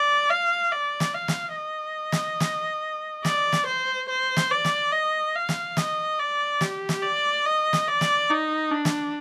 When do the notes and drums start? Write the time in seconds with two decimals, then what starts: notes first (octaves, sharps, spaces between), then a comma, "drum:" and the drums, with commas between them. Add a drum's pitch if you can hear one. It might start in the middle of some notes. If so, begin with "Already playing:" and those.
Already playing: D5
0.30 F5
0.72 D5
1.00 drum: snare
1.14 F5
1.28 drum: snare
1.56 D#5
2.12 drum: snare
2.40 drum: snare
3.25 D5, drum: snare
3.52 drum: snare
3.66 C5
4.09 C5
4.37 drum: snare
4.50 D5
4.65 drum: snare
4.92 D#5
5.35 F5
5.49 drum: snare
5.77 D#5, drum: snare
6.19 D5
6.61 G4, drum: snare
6.89 drum: snare
7.02 D5
7.46 D#5
7.73 drum: snare
7.88 D5
8.01 drum: snare
8.29 D#4
8.71 D4
8.85 drum: snare